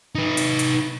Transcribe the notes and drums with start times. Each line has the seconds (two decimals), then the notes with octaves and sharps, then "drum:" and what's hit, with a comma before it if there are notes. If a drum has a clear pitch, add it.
0.15 D#4 B4
0.37 drum: hi-hat
0.59 drum: hi-hat